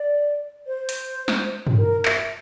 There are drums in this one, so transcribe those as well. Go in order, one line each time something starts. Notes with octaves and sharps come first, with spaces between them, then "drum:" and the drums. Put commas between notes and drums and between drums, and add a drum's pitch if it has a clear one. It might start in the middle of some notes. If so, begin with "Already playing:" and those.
Already playing: D5
C5
drum: hi-hat
drum: snare
drum: tom
A#4
E5, drum: clap